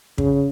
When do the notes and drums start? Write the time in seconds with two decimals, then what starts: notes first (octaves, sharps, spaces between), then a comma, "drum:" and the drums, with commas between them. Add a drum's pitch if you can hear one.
0.18 C#3, drum: kick